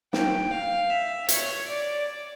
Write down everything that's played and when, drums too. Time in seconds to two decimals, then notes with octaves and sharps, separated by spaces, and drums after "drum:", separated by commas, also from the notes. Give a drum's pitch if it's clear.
0.13 G5, drum: snare
0.51 F5
0.90 E5
1.28 C#5, drum: hi-hat
1.67 D5